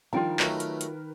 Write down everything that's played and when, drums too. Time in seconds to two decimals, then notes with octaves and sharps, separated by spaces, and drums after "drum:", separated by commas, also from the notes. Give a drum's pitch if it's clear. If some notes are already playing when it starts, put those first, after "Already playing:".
0.13 D#3 F3 G3 D4 F4 G5 A#5
0.39 F#3 A3 D#4 A#4 B4, drum: clap
0.60 drum: hi-hat
0.81 drum: hi-hat